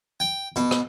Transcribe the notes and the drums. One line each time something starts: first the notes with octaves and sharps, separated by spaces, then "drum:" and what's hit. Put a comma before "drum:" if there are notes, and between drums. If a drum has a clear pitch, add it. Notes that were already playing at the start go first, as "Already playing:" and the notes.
G5
B2, drum: hi-hat
drum: rim click